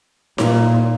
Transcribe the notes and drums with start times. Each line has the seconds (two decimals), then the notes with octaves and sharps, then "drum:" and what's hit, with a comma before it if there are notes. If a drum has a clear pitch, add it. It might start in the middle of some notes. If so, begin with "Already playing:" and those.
0.38 A#2, drum: snare D#4